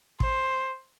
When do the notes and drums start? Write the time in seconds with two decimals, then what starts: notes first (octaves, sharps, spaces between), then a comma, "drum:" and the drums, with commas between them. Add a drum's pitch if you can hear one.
0.20 C5, drum: kick